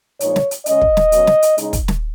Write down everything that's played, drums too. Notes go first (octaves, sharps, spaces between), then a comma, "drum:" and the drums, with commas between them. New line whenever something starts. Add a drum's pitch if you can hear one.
A#2 F3 G#3 D#4 C#5, drum: hi-hat
drum: snare
drum: hi-hat
C#3 G#3 C#4 D#5, drum: hi-hat
drum: kick
drum: snare
B2 F#3 C#4, drum: hi-hat
drum: snare
drum: hi-hat
C#3 G#3 D#4, drum: hi-hat
drum: kick, hi-hat
drum: snare